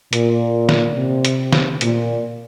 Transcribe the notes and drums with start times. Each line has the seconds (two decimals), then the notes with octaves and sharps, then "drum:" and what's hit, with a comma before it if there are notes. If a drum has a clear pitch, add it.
0.13 A#2, drum: hi-hat
0.69 drum: snare
0.96 C3
1.25 drum: hi-hat
1.53 drum: snare
1.81 A#2, drum: hi-hat